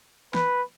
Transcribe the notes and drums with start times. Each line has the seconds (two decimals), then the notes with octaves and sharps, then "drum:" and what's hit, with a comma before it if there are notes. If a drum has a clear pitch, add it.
0.34 B4, drum: snare